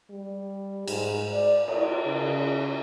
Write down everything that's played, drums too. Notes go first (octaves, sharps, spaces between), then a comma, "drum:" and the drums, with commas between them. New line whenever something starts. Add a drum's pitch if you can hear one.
G3
G#2, drum: cymbal
D5
C#5, drum: cymbal
C#3